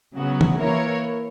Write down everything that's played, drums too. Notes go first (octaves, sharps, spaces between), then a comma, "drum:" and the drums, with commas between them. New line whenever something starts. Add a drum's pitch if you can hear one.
C#3 F#3 B3 F#4
drum: tom E3
E3 A#3 E4 A#4 C#5